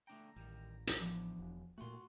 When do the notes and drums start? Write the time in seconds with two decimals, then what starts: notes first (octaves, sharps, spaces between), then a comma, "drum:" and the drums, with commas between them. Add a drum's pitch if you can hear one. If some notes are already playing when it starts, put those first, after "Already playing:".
0.07 A3 D4 G5 A#5 A#6
0.36 A1 D#3 G3
0.87 drum: hi-hat
1.00 E3 F3 B3 D4
1.39 E1
1.78 A#2 A3 F#4 C6